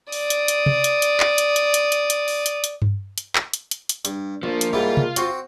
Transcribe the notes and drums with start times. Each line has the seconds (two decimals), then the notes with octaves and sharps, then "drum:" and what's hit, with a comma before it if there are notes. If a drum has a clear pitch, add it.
0.12 D5 D#6, drum: open hi-hat
0.30 drum: hi-hat
0.48 drum: hi-hat
0.66 drum: tom C3
0.84 drum: hi-hat
1.02 drum: hi-hat
1.20 drum: clap
1.38 drum: hi-hat
1.56 drum: hi-hat
1.74 drum: hi-hat
1.92 drum: hi-hat
2.10 drum: hi-hat
2.28 drum: open hi-hat
2.46 drum: hi-hat
2.64 drum: hi-hat
2.82 drum: tom G2
3.18 drum: hi-hat
3.36 drum: clap
3.53 drum: hi-hat
3.71 drum: hi-hat
3.89 drum: hi-hat
4.05 G2, drum: hi-hat
4.43 A#1 F3 A#3
4.61 drum: hi-hat
4.73 G#2 G3 E4 F4
4.97 drum: tom C3
5.16 C4 F#4, drum: hi-hat